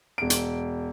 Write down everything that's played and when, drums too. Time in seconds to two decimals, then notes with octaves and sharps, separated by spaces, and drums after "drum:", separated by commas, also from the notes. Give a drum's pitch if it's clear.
0.18 E1 D7
0.30 drum: hi-hat